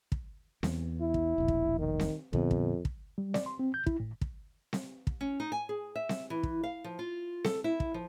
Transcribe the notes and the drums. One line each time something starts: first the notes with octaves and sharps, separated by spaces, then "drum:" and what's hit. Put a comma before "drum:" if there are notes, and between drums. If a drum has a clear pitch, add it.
drum: kick
E2, drum: snare C4
E4
drum: kick
E1 A#1
drum: kick
D#3
drum: snare C4
F2 A#2 D3 B3, drum: kick
drum: kick
drum: kick
G3
D5, drum: snare C4
C6
C4
G6
E4, drum: kick
A2
drum: kick
drum: snare C4
drum: kick
C#4
D#4
G#5
G#4
E5
drum: snare C4
E3
drum: kick
F5
F3
F4
A4, drum: snare C4
E4
drum: kick
F3